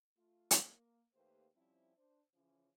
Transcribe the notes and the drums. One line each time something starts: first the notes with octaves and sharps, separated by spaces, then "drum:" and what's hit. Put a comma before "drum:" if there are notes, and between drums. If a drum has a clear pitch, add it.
A3 F4
drum: hi-hat
A#3
D#2 A3 A#3 G4 B4 C5
F3 G3 C4 C#4 E4
D4 C5
C#3 E3 F3 C#4